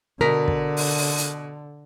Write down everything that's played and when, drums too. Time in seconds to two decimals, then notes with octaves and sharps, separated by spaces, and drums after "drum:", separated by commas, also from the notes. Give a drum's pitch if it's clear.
0.21 B2 D3 A#4 A#6 B6
0.48 drum: kick
0.77 drum: open hi-hat
0.98 drum: open hi-hat
1.17 drum: hi-hat